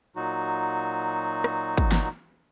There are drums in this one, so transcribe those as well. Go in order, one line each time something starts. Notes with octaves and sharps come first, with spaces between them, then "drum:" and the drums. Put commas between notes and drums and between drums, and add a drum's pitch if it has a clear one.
A#2 F#3 D#4 F#4
drum: rim click
drum: kick
drum: snare